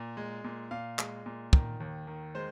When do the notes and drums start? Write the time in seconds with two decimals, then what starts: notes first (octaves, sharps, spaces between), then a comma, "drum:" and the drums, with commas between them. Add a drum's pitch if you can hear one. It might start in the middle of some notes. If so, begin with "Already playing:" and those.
Already playing: A#2
0.17 G#3
0.44 A#2
0.71 A#2 F5
0.99 G#3, drum: clap
1.26 A#2
1.53 D#3, drum: kick
1.80 D#2
2.07 D#3
2.35 G#3 C5